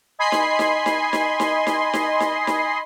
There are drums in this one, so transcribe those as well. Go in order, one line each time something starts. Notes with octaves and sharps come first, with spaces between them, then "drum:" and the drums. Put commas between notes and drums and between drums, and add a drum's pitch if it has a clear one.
D#5 G#5 B5 C6 C7
drum: snare D#4
drum: snare D#4
drum: snare D#4
drum: snare D#4
drum: snare D#4
drum: snare D#4
drum: snare D#4
drum: snare D#4
drum: snare D#4